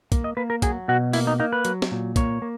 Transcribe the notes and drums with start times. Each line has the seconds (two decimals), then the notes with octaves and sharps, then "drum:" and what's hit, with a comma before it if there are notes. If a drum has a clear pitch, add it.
0.12 A#3, drum: kick, hi-hat
0.24 D#5
0.37 A#3 B4
0.50 A#4
0.62 F#3 G#4, drum: kick, hi-hat
0.88 B2 F#4
1.13 A#3 E4, drum: open hi-hat
1.27 D#4
1.39 A#3 D#4
1.53 B4
1.65 F#3, drum: hi-hat
1.82 drum: snare
1.91 A#2
2.16 A#3 C#5, drum: kick, hi-hat
2.42 A#3